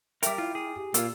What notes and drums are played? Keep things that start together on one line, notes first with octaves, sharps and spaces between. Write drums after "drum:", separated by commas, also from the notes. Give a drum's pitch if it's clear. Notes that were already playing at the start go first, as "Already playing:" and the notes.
G3 A#4 E5 G5 D6, drum: hi-hat
E4 F4
G#4
G4
A#2 A#3 F4 E6, drum: hi-hat